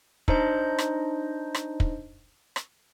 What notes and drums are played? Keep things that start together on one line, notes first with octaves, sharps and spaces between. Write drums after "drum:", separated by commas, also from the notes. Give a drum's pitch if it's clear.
D4 D#4 C5 D#5 G6, drum: kick
drum: rim click
drum: rim click
drum: kick
drum: rim click